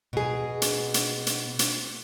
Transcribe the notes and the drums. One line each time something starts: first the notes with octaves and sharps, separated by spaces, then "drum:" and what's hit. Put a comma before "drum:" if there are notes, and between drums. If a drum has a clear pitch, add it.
B2 G#4
drum: hi-hat
drum: hi-hat
drum: hi-hat
drum: hi-hat